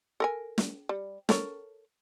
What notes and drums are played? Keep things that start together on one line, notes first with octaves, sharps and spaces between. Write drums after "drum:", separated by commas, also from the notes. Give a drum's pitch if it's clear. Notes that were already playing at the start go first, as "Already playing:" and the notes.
A4 A#4 G#5
drum: snare
G3
A4 A#4 C#5, drum: snare